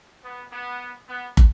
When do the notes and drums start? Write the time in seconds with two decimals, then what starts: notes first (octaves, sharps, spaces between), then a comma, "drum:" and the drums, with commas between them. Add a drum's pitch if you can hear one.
0.23 B3
0.51 B3
1.08 B3
1.37 drum: kick